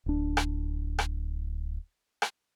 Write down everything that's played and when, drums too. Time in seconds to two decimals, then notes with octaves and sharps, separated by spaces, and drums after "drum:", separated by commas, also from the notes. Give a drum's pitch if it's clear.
0.06 D1 D4
0.37 drum: rim click
0.99 drum: rim click
2.22 drum: rim click